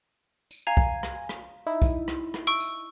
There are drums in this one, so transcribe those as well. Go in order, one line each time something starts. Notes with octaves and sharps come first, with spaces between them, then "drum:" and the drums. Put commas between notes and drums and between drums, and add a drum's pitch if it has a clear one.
drum: tambourine
F5 G#5 A#5
drum: kick
drum: rim click
drum: rim click
D#4 E4
drum: kick, tambourine
drum: rim click
drum: rim click
C#6 E6 D7
drum: tambourine